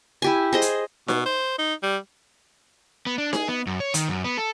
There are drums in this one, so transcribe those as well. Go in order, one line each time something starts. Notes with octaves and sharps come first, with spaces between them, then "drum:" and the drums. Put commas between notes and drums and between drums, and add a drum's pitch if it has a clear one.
E4 G4 G#5
G#4 C5 D#5
drum: hi-hat
B2, drum: snare D#4
C5
D#4
G3
B3
D4
G#4, drum: snare D#4
B3
F#2
C#5
D#3, drum: hi-hat
F#2
B3
A4